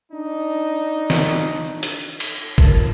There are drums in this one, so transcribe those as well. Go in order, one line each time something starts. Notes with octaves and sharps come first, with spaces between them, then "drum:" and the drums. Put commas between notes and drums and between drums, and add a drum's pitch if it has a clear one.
D4 D#4
drum: snare
drum: hi-hat
drum: cymbal
G1 F4 A#4 A5, drum: kick